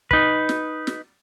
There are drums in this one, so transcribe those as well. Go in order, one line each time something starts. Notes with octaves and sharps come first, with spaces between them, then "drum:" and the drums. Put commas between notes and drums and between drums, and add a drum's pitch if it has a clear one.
D#4 B4, drum: kick
drum: snare
drum: snare